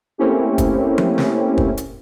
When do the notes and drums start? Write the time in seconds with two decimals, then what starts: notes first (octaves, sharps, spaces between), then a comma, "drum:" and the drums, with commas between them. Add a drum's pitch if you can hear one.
0.18 A3 A#3 C4 C#4 E4 G4
0.58 drum: kick, hi-hat
0.98 drum: tom F3
1.18 drum: snare
1.58 drum: kick
1.77 drum: hi-hat